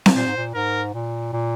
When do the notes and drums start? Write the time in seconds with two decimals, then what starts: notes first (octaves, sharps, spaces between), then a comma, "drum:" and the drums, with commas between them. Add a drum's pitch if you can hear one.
0.06 drum: snare C4
0.15 A#2 C5
0.26 G#2
0.37 A#2
0.54 G#2 A#4
0.94 A#2
1.33 A#2